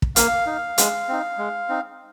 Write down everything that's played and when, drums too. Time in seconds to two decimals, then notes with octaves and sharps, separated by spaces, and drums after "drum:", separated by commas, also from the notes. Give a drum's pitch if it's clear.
0.02 drum: kick
0.16 A#3 F5, drum: hi-hat
0.46 D#4
0.78 G#3, drum: hi-hat
1.09 C4 D#4
1.38 G#3
1.69 C4 D#4